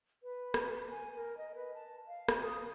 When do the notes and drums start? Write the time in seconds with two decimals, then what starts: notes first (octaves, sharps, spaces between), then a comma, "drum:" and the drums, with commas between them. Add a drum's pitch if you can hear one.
0.23 B4
0.54 drum: rim click
0.90 G#5
1.16 A#4
1.37 D#5
1.55 B4
1.74 A5
2.08 F5
2.28 drum: rim click
2.43 D#6